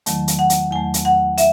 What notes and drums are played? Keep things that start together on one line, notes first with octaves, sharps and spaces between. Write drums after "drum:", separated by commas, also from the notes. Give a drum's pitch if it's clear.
E2 D#3 F#3 A3, drum: hi-hat
drum: hi-hat
F#5
drum: hi-hat
E2 D#3 F#3 A3 G#5
drum: hi-hat
F#5
E5, drum: hi-hat